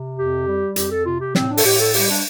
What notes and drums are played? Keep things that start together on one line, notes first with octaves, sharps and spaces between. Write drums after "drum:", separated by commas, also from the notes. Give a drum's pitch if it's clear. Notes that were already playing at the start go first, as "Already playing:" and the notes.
Already playing: C3
F2 G4
G3
F2 G4, drum: hi-hat
A4
C3 F4
G4
A2 C4, drum: snare
D4
A4, drum: open hi-hat
A2 G4
A4
G3 G4, drum: open hi-hat
D4